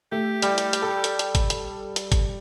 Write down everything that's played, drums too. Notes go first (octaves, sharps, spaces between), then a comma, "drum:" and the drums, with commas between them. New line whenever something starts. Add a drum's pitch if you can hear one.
A3 G4
G3, drum: hi-hat
drum: hi-hat
drum: hi-hat
A4
drum: hi-hat
drum: hi-hat
drum: kick, hi-hat
drum: hi-hat
drum: hi-hat
drum: kick, hi-hat